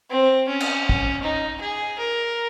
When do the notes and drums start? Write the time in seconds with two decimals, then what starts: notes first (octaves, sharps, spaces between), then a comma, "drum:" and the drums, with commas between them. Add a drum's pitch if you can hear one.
0.10 C4
0.48 C#4
0.60 drum: cymbal
0.89 drum: kick
1.23 D#4
1.61 G#4
1.99 A#4